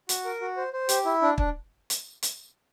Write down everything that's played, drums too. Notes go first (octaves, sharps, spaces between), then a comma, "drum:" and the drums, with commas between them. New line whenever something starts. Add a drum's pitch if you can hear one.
F#4, drum: hi-hat
A#4
F#4
C5
C5
G4, drum: hi-hat
E4
D4
D4, drum: kick
drum: hi-hat
drum: hi-hat